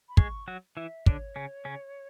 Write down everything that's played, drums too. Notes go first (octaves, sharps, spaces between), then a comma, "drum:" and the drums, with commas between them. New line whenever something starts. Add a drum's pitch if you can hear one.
B5
G#3 G#4 C#6, drum: kick
F#3 F#4
E3 E4 E5
D3 D4 C#5, drum: kick
C#3 C#4
C#3 C#4